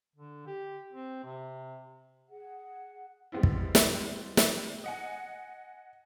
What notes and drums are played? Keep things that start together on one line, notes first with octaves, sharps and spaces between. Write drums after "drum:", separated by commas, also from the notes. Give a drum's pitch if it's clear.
D3
G4
C4
C3
G#4 F#5
G3 G#3 B3 C4 E4
drum: kick
drum: snare
drum: snare
D#5 F#5 G#5